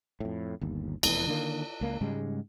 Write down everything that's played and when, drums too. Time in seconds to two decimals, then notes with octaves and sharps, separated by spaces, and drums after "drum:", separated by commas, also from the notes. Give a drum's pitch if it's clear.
0.20 F2 A2
0.61 G1 D#2
1.03 F1 E2 C3 E3, drum: cymbal
1.27 D3 D#3 A#3
1.81 C#2 A#3
2.01 G#2 C#3 G3 G#3